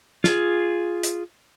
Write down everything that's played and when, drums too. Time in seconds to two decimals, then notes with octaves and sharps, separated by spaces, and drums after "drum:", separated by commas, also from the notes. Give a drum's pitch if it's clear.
0.24 F4 G#4, drum: snare
1.03 drum: hi-hat